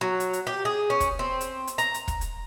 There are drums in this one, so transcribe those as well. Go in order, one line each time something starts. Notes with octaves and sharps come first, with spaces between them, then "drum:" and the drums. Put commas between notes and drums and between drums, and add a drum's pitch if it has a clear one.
F#3
drum: hi-hat
drum: hi-hat
G4
G#4
C#4
drum: kick, hi-hat
C4
drum: hi-hat
drum: hi-hat
A#5, drum: hi-hat
drum: hi-hat
drum: kick, hi-hat
drum: hi-hat